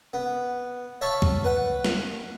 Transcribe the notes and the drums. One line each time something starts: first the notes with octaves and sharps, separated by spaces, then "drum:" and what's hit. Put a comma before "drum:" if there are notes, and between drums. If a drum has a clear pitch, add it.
B3
C#5 E5 F5 A5 B5 C#6
drum: kick
B4 F#5
drum: snare